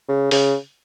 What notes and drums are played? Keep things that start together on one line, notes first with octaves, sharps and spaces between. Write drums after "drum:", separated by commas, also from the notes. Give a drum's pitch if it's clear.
C#3
C#3, drum: open hi-hat